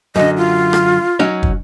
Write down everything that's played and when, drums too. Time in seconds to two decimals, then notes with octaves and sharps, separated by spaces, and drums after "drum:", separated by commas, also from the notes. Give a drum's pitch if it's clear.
0.16 F#2 D3 D#5
0.38 F4
0.73 drum: rim click
1.19 F#3 C#4 D#4
1.43 drum: kick